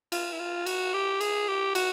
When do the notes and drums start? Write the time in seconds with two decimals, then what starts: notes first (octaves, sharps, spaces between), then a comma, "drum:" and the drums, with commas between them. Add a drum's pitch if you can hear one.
0.12 F4, drum: cymbal
0.32 E4
0.39 F4
0.66 F#4, drum: cymbal
0.94 G4
1.21 G#4, drum: cymbal
1.48 G4
1.75 F#4, drum: cymbal